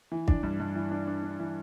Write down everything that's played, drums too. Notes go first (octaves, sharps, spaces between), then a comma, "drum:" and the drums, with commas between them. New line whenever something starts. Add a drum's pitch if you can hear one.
E3
D4, drum: kick
G2
G2
E3
D4
D4
D4
E3